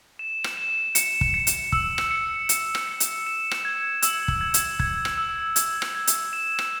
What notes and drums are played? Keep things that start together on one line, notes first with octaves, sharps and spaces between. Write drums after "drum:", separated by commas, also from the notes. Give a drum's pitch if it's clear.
E7
drum: rim click
E7
C#7, drum: hi-hat
drum: kick
C#7
drum: hi-hat
E6, drum: kick
drum: rim click
C#7
C#7, drum: hi-hat
drum: rim click
C#7
drum: hi-hat
E7
drum: rim click
G#6
E6, drum: hi-hat
drum: kick
G#6
drum: hi-hat
G#6, drum: kick
drum: rim click
E6
G#6, drum: hi-hat
drum: rim click
G#6
drum: hi-hat
E7
drum: rim click